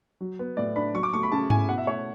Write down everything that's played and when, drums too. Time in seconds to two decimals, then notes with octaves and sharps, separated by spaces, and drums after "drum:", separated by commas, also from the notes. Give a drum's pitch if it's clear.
0.21 F#3
0.39 B3
0.57 A2 D5
0.76 D4 B5
0.94 F#3 C#6
1.03 D6
1.13 A3 C#6
1.23 B5
1.32 C#3 A5
1.50 E4 G#5, drum: tom G#2
1.69 B2 F#5
1.78 E5
1.87 A3 C#5